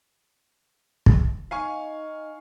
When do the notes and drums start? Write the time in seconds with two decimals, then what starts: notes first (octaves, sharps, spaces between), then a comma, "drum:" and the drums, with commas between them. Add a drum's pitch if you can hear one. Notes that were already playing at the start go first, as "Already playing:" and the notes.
1.06 drum: kick
1.51 D#4 F5 G#5 C#6